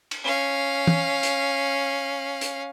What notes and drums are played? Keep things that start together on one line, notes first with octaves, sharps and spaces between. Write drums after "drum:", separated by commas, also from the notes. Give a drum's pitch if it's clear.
drum: cymbal
C#4 F5
drum: tom
drum: hi-hat
drum: hi-hat